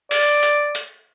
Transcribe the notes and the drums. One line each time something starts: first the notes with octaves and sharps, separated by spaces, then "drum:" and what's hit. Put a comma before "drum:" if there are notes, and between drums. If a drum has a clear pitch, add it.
D5, drum: open hi-hat
drum: hi-hat
drum: hi-hat